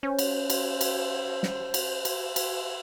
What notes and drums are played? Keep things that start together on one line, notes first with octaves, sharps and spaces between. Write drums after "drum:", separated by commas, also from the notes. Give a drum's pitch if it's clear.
C#4 C5
drum: cymbal
drum: cymbal
drum: cymbal
drum: snare
drum: cymbal
drum: cymbal
drum: cymbal